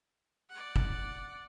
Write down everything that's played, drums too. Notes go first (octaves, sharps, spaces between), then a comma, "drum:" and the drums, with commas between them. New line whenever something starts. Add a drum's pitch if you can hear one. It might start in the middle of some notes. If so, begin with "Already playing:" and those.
D5 F#5
drum: kick